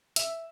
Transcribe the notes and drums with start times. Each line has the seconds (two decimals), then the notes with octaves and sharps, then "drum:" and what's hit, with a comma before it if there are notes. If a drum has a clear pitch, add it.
0.16 E5, drum: hi-hat